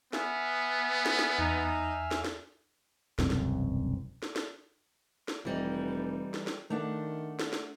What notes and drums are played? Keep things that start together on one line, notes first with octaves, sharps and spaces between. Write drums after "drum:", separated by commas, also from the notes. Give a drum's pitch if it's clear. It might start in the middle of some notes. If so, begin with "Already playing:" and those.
B3 E5 F5 G#5, drum: snare
drum: snare
drum: snare
E2 D#4
drum: snare
drum: snare
E1 C2 F#2 C4, drum: snare
drum: snare
drum: snare
drum: snare
drum: snare
F1 E3 G3 D#4
drum: snare
drum: snare
D#3 A3 D4 F#5
drum: snare
drum: snare